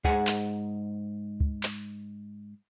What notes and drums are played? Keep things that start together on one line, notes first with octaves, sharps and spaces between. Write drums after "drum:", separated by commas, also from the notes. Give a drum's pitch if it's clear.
G#2 G#4 F#5 G#5, drum: kick
drum: clap
drum: kick
drum: clap